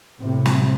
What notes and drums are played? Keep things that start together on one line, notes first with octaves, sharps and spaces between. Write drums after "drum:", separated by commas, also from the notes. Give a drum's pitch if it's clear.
A2 C3
drum: snare